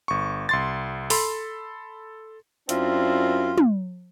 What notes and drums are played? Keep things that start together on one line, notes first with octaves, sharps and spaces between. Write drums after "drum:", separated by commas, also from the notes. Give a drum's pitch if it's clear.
G1 C#6
C2 C6 A6
A4 B5 C6, drum: open hi-hat
F#2 C4 D4 E4 F4, drum: hi-hat
drum: tom